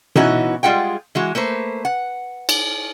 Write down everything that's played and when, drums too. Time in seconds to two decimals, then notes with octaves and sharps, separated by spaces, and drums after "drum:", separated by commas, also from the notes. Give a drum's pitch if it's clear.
0.15 E3 B3 C#4 D#4 E4 F#4, drum: tom B2
0.63 G3 G#3 F4 G#4 F#5 G5
1.15 E3 G#3 F#4
1.35 A3 A#3 B4 C5
1.85 F#5
2.49 drum: cymbal